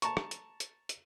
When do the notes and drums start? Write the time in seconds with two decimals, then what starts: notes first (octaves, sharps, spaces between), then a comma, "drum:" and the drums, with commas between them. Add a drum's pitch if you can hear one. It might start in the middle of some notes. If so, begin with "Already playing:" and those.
0.02 A5 A#5 C#6, drum: hi-hat
0.17 drum: rim click
0.31 drum: hi-hat
0.60 drum: hi-hat
0.89 drum: hi-hat